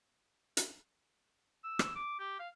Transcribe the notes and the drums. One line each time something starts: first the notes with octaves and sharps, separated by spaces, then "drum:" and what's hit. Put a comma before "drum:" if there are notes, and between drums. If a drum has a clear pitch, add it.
drum: hi-hat
E6
drum: rim click
D6
G4
F5